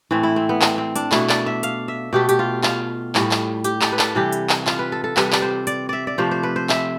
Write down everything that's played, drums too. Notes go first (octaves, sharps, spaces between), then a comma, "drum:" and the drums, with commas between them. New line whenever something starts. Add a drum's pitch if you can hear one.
A2 E3 A3 C4
E4
C4
B3
C4, drum: clap
C4
D4, drum: hi-hat
B2 A3 E4, drum: clap
D5, drum: clap
E5
F5, drum: hi-hat
E5
B2 A3 G4
G4, drum: hi-hat
F4
F4, drum: clap
A2 G3, drum: clap
drum: clap
G4, drum: hi-hat
A4, drum: clap
B4
A4, drum: clap
C3 E3 G3 G4
drum: hi-hat
drum: clap
F4, drum: clap
B4
A4
A4
C3 G3 B4, drum: clap
D5, drum: clap
C5
D5, drum: hi-hat
D5 E5
D5
C3 F3 A3 C5
C5
B4
C5
E5, drum: clap